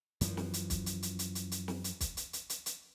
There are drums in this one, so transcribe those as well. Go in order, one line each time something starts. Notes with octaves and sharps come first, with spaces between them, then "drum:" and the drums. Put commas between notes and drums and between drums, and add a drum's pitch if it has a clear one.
F#2 E3 F3, drum: hi-hat
drum: snare
drum: hi-hat
drum: kick, hi-hat
drum: hi-hat
drum: hi-hat
drum: hi-hat
drum: hi-hat
drum: hi-hat
drum: snare
drum: hi-hat
drum: kick, hi-hat
drum: hi-hat
drum: hi-hat
drum: hi-hat
drum: hi-hat